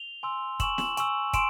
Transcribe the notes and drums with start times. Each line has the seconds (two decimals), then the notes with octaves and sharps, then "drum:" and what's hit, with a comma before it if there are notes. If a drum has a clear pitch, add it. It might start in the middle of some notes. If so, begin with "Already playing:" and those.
Already playing: F7 G7
0.23 G#5 C6 E6
0.60 G#5 C#6 E6 E7 F#7, drum: kick, hi-hat
0.78 E7 F#7, drum: snare
0.97 G#5 C#6 E6, drum: hi-hat
1.33 G#5 C6 D7 E7, drum: kick, hi-hat